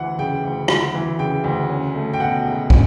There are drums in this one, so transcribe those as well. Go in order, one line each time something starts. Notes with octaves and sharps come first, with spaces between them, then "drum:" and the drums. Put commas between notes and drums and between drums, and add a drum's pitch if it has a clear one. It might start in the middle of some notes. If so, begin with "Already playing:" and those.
Already playing: D2 E3 F#5
C#3 G5
D2
D2, drum: rim click
E3
C#3 G5
D2
C#4
A3
G5
B2 F#5
C#2
C#4, drum: kick